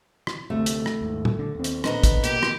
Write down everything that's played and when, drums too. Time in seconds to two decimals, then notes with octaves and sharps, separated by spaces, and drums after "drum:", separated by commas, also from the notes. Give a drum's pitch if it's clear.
0.27 drum: rim click
0.50 D2 C3 A3
0.66 drum: hi-hat
0.86 drum: rim click
1.01 D#2 G#2
1.25 drum: tom
1.39 D3
1.55 D#2 C4
1.64 drum: hi-hat
1.84 A#2 B3 D4 D#5 A#5, drum: rim click
2.04 drum: kick, hi-hat
2.24 B2 A#3 G4, drum: hi-hat
2.43 drum: rim click